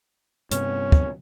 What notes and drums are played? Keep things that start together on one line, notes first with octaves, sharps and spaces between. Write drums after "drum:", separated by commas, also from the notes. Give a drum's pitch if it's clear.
G2 C3 B3 C#4, drum: hi-hat
drum: kick